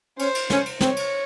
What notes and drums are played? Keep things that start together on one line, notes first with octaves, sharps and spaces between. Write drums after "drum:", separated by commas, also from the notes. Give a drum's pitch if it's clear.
C#4 C5, drum: cymbal
drum: cymbal
C#4, drum: snare
drum: cymbal
C4 C#5, drum: snare
drum: cymbal